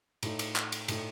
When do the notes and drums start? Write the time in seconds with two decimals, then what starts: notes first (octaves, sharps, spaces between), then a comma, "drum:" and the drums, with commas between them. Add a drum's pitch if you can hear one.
0.23 A2 A3 D#4, drum: cymbal
0.39 drum: cymbal
0.56 drum: clap
0.72 drum: cymbal
0.88 A2 A3 D#4, drum: cymbal